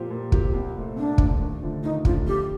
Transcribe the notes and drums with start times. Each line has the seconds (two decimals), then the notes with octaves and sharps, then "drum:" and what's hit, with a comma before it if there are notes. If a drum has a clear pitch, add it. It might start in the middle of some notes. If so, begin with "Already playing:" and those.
Already playing: A#2 F3 C4 G4
0.10 A#2
0.32 F3 C4 G4, drum: kick
0.54 C2
0.76 A#2 A3 C4
0.96 C2 D4
1.18 A#2 A3 C4, drum: kick
1.40 D#2
1.62 D3 F3 A3 D4
1.83 D#2 D#4
2.05 D3 F3 A3 D4 F4, drum: kick
2.27 F2 G4